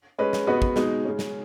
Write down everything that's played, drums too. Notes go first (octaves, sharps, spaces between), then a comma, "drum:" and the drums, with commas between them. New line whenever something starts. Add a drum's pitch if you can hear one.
G#3 C#4 B4 D#5
drum: snare
C#3 B3 F#4 B4 D#5
drum: kick
B2 G#3 D#4, drum: snare
C#3 G#3 C#4
drum: snare